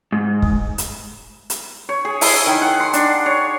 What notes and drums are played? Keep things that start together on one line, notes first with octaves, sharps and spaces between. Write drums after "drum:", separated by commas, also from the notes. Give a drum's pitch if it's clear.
G#2
drum: kick
drum: hi-hat
drum: hi-hat
C#5
G#4
E4, drum: open hi-hat
D#3
F#5
C6
D4, drum: hi-hat
C#5